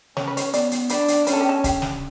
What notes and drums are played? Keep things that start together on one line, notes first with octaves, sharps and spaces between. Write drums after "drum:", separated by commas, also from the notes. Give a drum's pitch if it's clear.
C#4 C#5, drum: snare
B4
C#5, drum: hi-hat
B3 D5, drum: hi-hat
drum: hi-hat
D4 B4, drum: hi-hat
drum: hi-hat
C#4 B4, drum: hi-hat
A4
G4
A4
G4, drum: kick C#1, hi-hat
drum: snare